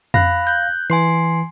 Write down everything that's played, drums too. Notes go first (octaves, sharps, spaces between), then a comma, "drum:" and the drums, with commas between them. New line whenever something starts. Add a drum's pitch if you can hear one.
F5 B5 F#6 A#6, drum: tom F2
F#6 G6
E3 G#5 C6 C7